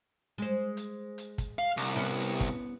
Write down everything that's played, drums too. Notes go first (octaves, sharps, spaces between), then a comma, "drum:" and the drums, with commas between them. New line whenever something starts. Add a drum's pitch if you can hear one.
G#3 C5
drum: hi-hat
drum: hi-hat
drum: kick, hi-hat
F5, drum: open hi-hat
C2, drum: hi-hat
B3 C#4 E4
drum: hi-hat
drum: kick, hi-hat